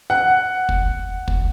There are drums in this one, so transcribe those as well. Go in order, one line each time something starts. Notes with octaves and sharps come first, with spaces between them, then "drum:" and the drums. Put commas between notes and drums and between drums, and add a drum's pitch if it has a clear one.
F#5
drum: kick
drum: kick